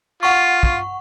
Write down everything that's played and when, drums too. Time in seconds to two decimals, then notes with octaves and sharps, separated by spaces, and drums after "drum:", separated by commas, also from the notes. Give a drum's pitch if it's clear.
0.23 F4 F#5 C#6
0.63 drum: kick